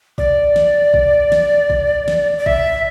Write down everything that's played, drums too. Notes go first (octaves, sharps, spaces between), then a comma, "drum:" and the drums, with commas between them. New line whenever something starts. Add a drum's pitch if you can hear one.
D5, drum: kick
drum: snare
drum: kick
drum: snare
drum: kick
drum: snare
D5
E5, drum: kick